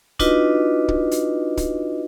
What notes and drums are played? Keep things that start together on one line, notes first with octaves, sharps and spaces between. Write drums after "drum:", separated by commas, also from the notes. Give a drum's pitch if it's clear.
D4 D#4 F4 F#4 B4 D#5, drum: kick, hi-hat
drum: kick
drum: hi-hat
drum: kick, hi-hat